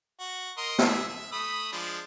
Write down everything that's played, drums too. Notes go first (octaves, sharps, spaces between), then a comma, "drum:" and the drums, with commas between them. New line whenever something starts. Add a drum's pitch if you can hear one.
F#4
A#4 D#5 C6
drum: snare
G#4 E5
E5
A3 B5 D#6
F3 G#3 D4